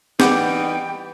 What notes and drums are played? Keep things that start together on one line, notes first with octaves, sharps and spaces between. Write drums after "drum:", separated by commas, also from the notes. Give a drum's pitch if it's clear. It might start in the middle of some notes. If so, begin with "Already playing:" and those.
E3 G3 D#4 F#5 G5 D6 G6, drum: snare